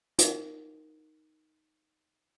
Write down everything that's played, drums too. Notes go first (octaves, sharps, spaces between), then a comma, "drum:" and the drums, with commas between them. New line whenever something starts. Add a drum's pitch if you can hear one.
D#4 A#4, drum: hi-hat